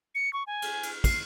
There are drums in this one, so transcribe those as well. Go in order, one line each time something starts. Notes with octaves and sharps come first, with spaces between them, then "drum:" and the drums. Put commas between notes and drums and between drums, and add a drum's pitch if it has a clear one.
C#7
C#6
G#5
drum: cymbal
drum: cymbal
C7, drum: kick, cymbal